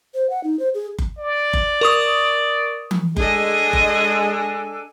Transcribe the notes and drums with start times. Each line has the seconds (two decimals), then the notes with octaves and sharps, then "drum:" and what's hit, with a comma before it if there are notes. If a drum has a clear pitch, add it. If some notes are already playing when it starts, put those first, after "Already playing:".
0.14 C5
0.30 F#5
0.44 D#4
0.59 C5
0.74 G#4
0.99 drum: kick F#1
1.19 D5
1.53 drum: kick F#1
1.81 A#4 C#6 D#6
2.91 drum: tom E3
3.17 G#3 D4 G#4 A4 D#5 G#5, drum: kick F#1
3.73 drum: kick F#1